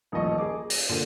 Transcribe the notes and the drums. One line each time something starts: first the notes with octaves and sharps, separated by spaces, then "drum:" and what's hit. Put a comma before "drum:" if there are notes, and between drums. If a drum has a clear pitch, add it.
D#1 A1 F3 D#5 C#6
G#4 D6
A#6, drum: open hi-hat
A#2 D3